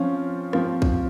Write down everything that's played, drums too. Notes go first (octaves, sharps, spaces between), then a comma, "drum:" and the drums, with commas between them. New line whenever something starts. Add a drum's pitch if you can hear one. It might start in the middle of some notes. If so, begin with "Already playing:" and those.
Already playing: F3 C4 C#4 F4
F3 C4 F4, drum: rim click
drum: kick